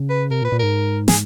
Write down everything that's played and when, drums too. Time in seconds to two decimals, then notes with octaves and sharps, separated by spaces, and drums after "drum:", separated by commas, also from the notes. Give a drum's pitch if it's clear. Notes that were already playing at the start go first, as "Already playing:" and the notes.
Already playing: C#3
0.09 B4
0.31 C3 A#4
0.42 A#2 B4
0.52 A#2
0.59 G#2 A#4
1.08 G#4, drum: snare